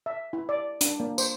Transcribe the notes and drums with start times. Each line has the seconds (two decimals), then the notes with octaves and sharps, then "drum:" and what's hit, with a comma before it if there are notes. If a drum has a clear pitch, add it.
0.06 E5
0.33 E4
0.49 D5
0.81 D4, drum: hi-hat
1.00 A#3
1.18 C5, drum: tambourine